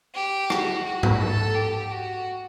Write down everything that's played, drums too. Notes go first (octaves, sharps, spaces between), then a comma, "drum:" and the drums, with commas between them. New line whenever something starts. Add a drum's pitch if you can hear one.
G4
F#4, drum: rim click
F#4
drum: tom G#2
A4
G4
F#4